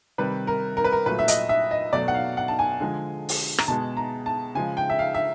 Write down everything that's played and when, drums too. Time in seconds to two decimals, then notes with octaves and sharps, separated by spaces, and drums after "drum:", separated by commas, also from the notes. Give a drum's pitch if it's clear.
0.18 C3 D#3 G3 B4
0.47 A#4
0.77 A#4
0.84 B4
0.92 A#4
1.06 A#2 F#3 A3 B4
1.19 E5
1.28 D#5, drum: hi-hat
1.49 E5
1.71 D#5
1.93 B2 F#3 A3 D5
2.08 F#5
2.14 F5
2.37 F#5
2.48 A5
2.59 G#5
2.80 D3 F3 G#3
3.29 drum: open hi-hat
3.58 A#5, drum: rim click
3.68 B2 G#3 A5
3.97 A#5
4.26 A5
4.55 C#3 F3 G#3 G#5
4.77 G5
4.90 E5
4.99 F5
5.14 E5